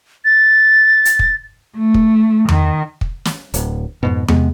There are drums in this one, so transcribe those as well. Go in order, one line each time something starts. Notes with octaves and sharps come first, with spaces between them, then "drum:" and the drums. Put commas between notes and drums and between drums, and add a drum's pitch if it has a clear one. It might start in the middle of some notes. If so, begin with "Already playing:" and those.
A6
drum: hi-hat
drum: kick
A3
drum: kick
D#3, drum: tom E2
drum: kick
drum: snare
D1, drum: hi-hat
F2 G#2 B2
C3 F3 G#3 B3, drum: tom E2